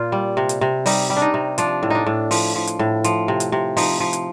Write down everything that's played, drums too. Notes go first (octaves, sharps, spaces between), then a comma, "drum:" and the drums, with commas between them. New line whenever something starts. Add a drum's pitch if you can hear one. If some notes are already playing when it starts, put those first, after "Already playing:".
Already playing: A#2 F4
G3
C3
drum: hi-hat
C3
G3 D#4, drum: open hi-hat
G3
D4
D#4
C3
F3 D4, drum: hi-hat
A2
D4 D#4
A2
F3, drum: open hi-hat
F3
drum: hi-hat
A2
F3, drum: hi-hat
C3
drum: hi-hat
C3
F3 D#4, drum: open hi-hat
F3
drum: hi-hat